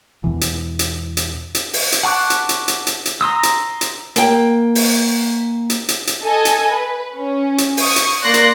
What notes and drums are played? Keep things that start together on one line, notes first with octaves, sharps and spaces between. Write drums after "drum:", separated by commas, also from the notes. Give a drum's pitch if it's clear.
E2 B2 E3
drum: hi-hat
drum: hi-hat
drum: hi-hat
drum: hi-hat
drum: open hi-hat
drum: hi-hat
F#5 A5 C#6 D6 F#6
drum: hi-hat
drum: hi-hat
drum: hi-hat
drum: hi-hat
drum: hi-hat
A#5 C6 D#6 E6
drum: hi-hat
drum: hi-hat
A#3 G5, drum: hi-hat
drum: open hi-hat
drum: hi-hat
drum: hi-hat
drum: hi-hat
A4 D#5 G#5
drum: hi-hat
B4
C#4
drum: hi-hat
C#6 D#6, drum: open hi-hat
drum: hi-hat
A#3 D5 C6 F#6 A#6
drum: hi-hat